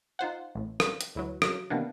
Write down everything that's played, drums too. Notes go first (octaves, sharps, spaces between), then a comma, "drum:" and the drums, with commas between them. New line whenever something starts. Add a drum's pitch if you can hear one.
D#4 F4 C5 F#5
A1 A2
drum: rim click
drum: hi-hat
D2 E3 F#3
C#3 F#3, drum: rim click
C3 D#3 E3 A#3 B3 D4